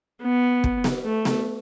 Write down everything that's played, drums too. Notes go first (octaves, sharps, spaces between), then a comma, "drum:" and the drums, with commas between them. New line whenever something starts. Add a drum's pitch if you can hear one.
B3
drum: kick
drum: snare B3
A3
drum: snare B3